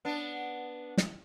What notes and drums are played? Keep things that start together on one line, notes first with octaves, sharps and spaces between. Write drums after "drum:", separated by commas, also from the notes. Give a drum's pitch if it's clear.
B3 D4
drum: snare